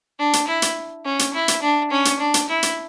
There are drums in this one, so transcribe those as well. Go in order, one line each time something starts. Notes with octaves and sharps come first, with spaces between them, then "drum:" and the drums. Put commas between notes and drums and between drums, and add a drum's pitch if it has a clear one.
D4
drum: hi-hat
E4
drum: hi-hat
C#4
drum: hi-hat
E4
drum: hi-hat
D4
C#4
drum: hi-hat
D4
drum: hi-hat
E4
drum: hi-hat